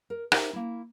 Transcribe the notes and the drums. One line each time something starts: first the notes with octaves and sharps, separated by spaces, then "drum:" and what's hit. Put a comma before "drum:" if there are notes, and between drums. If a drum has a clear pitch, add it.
A#4
D#4 G4 A#4 C5 E5, drum: rim click
A#3 E4